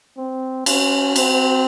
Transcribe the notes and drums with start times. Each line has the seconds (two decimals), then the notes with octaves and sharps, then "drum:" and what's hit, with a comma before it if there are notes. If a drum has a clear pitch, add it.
0.17 C4
0.66 C#4, drum: cymbal
1.16 C4, drum: cymbal